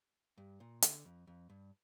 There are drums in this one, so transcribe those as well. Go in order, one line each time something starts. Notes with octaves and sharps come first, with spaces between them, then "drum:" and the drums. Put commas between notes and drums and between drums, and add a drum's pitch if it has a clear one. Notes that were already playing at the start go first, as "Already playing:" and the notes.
G2
A#2
D3, drum: hi-hat
F2
F2
G2